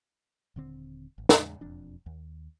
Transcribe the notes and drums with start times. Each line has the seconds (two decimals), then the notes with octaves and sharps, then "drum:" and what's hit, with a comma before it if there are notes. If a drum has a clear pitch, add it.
0.56 D#1 D3 C4
1.18 G#1
1.29 E2 G#3, drum: snare
1.61 E1 F2 D4
2.06 D#2